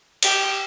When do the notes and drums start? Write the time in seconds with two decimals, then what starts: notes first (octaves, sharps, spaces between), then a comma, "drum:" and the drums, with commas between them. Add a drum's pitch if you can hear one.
0.23 G4, drum: cymbal